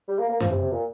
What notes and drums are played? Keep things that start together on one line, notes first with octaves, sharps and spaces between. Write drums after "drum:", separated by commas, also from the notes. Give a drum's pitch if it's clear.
G3
A#3
A#3
F3, drum: tom F#2
C3
C3
A#2